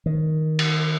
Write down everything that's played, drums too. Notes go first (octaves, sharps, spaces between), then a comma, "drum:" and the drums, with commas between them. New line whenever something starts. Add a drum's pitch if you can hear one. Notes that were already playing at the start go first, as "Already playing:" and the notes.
D#3
drum: cymbal